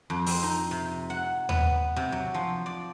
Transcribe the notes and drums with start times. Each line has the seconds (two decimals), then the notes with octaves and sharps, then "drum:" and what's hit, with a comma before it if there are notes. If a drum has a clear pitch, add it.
0.10 F2
0.26 C4, drum: open hi-hat
0.43 D#4
0.71 C3
1.10 F#5
1.49 B3, drum: tom D#2
1.96 C3
2.12 F#3
2.34 F3
2.66 D5